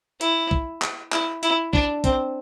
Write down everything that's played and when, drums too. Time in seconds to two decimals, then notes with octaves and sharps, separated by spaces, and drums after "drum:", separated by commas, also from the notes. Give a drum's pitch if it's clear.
0.21 E4, drum: hi-hat
0.51 drum: kick
0.82 drum: clap
1.12 E4, drum: clap
1.43 E4, drum: hi-hat
1.73 D4, drum: kick
2.04 C4, drum: kick, hi-hat